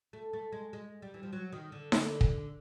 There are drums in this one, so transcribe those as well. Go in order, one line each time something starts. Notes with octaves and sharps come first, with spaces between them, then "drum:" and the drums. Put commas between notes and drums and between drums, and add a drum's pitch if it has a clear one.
A3
A3
G#3
G#3
G3
E3
F3
F#3
D#3
D3
D3, drum: snare D#4
drum: kick